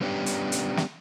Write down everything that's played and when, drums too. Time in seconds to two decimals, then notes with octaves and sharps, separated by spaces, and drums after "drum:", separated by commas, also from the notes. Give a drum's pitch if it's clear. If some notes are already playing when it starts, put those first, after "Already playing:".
0.01 G3 B3 C#4 D4 G4
0.26 drum: hi-hat
0.52 drum: hi-hat
0.77 drum: snare